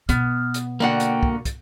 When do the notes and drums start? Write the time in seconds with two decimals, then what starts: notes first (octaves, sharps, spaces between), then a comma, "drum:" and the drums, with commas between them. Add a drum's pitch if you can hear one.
0.09 B2 B3 F6, drum: kick, hi-hat
0.54 drum: hi-hat
0.80 D3 A#3 F#4 D5 F#5 G5
1.00 drum: hi-hat
1.23 drum: kick
1.45 drum: kick, hi-hat